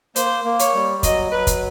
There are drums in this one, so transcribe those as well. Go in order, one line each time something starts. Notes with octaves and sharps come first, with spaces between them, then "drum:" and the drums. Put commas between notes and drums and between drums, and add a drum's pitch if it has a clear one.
A#3 C5, drum: hi-hat
A#3
C#5, drum: hi-hat
G3
F#3 D#5, drum: kick, hi-hat
F#3 B4
drum: kick, hi-hat